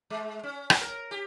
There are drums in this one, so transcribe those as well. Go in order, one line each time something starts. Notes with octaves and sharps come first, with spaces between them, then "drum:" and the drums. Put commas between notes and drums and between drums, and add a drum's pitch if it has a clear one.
G#3
C#4
drum: rim click
A#4
G4